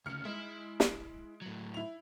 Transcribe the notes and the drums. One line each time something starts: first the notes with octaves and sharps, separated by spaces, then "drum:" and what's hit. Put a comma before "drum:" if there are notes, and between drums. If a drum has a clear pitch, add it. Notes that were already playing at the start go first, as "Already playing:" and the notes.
D2 C#3 F6 C#7
G#3 E4 E5
drum: snare
A2 F#3
E4 F7